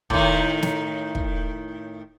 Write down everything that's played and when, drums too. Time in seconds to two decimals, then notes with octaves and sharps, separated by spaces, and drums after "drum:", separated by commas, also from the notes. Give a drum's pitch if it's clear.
0.10 A2 D#3, drum: kick
0.62 drum: snare
1.15 drum: kick